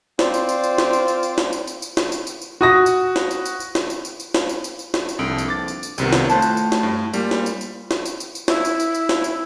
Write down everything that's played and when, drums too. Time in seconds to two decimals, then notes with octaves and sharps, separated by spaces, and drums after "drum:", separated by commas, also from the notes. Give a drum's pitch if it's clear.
0.19 C4 F4 C5 D5, drum: snare
0.34 drum: tambourine
0.49 drum: tambourine
0.64 drum: tambourine
0.78 drum: snare
0.93 drum: tambourine
1.08 drum: tambourine
1.23 drum: tambourine
1.38 drum: snare
1.53 drum: tambourine
1.67 drum: tambourine
1.82 drum: tambourine
1.97 drum: snare
2.12 drum: tambourine
2.27 drum: tambourine
2.42 drum: tambourine
2.61 F#4 D#6 A#6
2.86 drum: tambourine
3.16 drum: snare
3.31 drum: tambourine
3.45 drum: tambourine
3.60 drum: tambourine
3.75 drum: snare
3.90 drum: tambourine
4.05 drum: tambourine
4.20 drum: tambourine
4.35 drum: snare
4.49 drum: tambourine
4.64 drum: tambourine
4.79 drum: tambourine
4.94 drum: snare
5.09 drum: tambourine
5.19 C2 F2 D3 D7
5.38 drum: tambourine
5.48 D6 A6
5.68 drum: tambourine
5.83 drum: tambourine
5.98 C2 C3 D#3 G3 B3, drum: tambourine
6.13 drum: snare
6.30 A2 A3 F4 C5 A5 F#6, drum: tambourine
6.42 drum: tambourine
6.57 drum: tambourine
6.72 drum: snare
6.83 G2
7.13 A#2 G3 A#3, drum: tambourine
7.31 drum: snare
7.46 drum: tambourine
7.61 drum: tambourine
7.91 drum: snare
8.05 drum: tambourine
8.20 drum: tambourine
8.35 drum: tambourine
8.48 E4, drum: snare
8.65 drum: tambourine
8.80 drum: tambourine
8.95 drum: tambourine
9.09 drum: snare
9.24 drum: tambourine